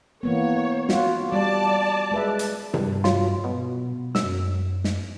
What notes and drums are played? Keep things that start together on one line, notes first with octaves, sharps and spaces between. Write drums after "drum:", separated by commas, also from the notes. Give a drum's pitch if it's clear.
E3 A#3 B3 C#5
F4 F#4, drum: snare
G3 D5 A5
G#3 B4 E5
drum: hi-hat
G2, drum: tom C3
F#3 F4, drum: snare
B2
F#2 E6, drum: snare
drum: snare